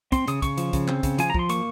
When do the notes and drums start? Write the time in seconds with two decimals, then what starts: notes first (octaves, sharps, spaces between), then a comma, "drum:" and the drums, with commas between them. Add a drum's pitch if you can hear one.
0.12 C4 C6, drum: kick, hi-hat
0.28 C#3 D#6, drum: hi-hat
0.42 C#3 C#6, drum: kick, hi-hat
0.58 F3, drum: hi-hat
0.73 C#3, drum: kick, hi-hat
0.88 C4, drum: clap
1.03 C#3, drum: kick, hi-hat
1.18 F3 G#5, drum: hi-hat
1.30 A#5
1.34 F3 C6, drum: kick
1.49 A#3 C#6, drum: hi-hat